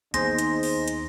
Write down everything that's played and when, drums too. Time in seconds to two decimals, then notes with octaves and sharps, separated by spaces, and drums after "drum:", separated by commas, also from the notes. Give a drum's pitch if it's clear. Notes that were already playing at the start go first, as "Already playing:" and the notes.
0.14 D#2 A#3 B3 D#4 G#4 C5 A#6, drum: hi-hat
0.38 drum: hi-hat
0.63 drum: open hi-hat
0.88 drum: hi-hat